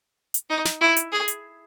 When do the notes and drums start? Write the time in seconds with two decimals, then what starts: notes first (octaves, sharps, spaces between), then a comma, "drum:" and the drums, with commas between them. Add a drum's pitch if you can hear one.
0.34 drum: hi-hat
0.50 D#4
0.65 drum: snare
0.81 E4
0.97 drum: hi-hat
1.12 G#4
1.28 drum: hi-hat